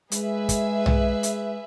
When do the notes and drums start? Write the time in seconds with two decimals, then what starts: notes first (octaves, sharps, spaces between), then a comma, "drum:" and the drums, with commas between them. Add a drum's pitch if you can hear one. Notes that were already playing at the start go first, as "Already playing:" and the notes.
0.12 G#3 G#4 B4 E5, drum: hi-hat
0.49 drum: kick, hi-hat
0.86 drum: tom B1
1.23 drum: hi-hat